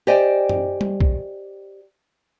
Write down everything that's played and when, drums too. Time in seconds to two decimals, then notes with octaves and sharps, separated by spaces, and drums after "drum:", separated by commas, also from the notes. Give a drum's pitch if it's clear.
0.07 G4 C5 D5 D#5 G5 G#5
0.49 drum: tom
0.81 drum: tom G3
1.01 drum: kick B1